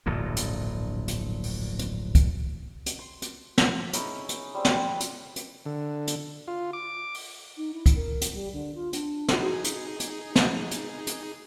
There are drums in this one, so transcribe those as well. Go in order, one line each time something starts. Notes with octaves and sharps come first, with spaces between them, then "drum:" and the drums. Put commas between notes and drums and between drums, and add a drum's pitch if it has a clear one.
D1 A#1 G2 A#2
drum: hi-hat
drum: hi-hat
drum: open hi-hat
drum: hi-hat
drum: kick, hi-hat
drum: hi-hat
C6
drum: hi-hat
drum: snare
C#4 D#4 E4 G#4, drum: hi-hat
drum: hi-hat
G3 C4 G#4
drum: snare
drum: hi-hat
drum: hi-hat
D3
drum: hi-hat
F4
D6
drum: open hi-hat
D#4
E4
drum: kick, hi-hat
A#4
drum: hi-hat
G3
D3
F4
D4, drum: hi-hat
drum: snare
D#4 F#4 G#4
drum: hi-hat
drum: hi-hat
drum: snare
drum: hi-hat
drum: hi-hat